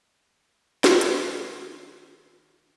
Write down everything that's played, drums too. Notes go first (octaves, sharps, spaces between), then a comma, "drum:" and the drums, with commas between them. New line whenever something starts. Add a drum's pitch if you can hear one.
D#3 G3 C#4, drum: snare
drum: hi-hat